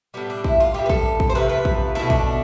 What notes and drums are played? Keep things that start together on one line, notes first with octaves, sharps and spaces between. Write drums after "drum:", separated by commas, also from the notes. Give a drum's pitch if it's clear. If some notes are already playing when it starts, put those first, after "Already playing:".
A2 G3 B3
D4
E4, drum: kick
F4
A2 G3 G4
B4
A4, drum: kick
drum: kick
C5
C3 F3 A3 B4
B4
drum: kick
B2 A3 E4
D4, drum: kick